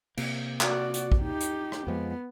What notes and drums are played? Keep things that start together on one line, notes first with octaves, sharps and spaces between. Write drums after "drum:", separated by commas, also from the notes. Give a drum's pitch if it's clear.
C3 A#3, drum: cymbal
F#4 D5, drum: clap
drum: hi-hat
drum: kick
D#4 G4
drum: hi-hat
drum: rim click
F2 F3 G#3 B3